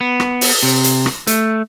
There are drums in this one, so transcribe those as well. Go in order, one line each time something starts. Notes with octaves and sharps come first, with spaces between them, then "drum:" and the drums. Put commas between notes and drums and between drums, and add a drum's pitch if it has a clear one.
B3
drum: rim click
drum: open hi-hat
C3
drum: hi-hat
drum: rim click
A3, drum: hi-hat